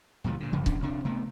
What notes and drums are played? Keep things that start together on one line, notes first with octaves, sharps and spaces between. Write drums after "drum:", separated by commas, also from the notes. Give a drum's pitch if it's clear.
C#2 A#2 E3 G3
A#2 D3
G1 F#2 C#3 F3
B1 E2 C#4 D4, drum: kick C#1
D2 C3 D4
C3 A3 B3